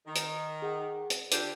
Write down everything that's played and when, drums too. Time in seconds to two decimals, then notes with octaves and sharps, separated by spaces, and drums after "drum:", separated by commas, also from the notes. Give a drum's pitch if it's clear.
0.06 D#3
0.16 drum: hi-hat
0.62 G#4 F#5
1.10 drum: hi-hat
1.32 D3 F4 G4 C7, drum: hi-hat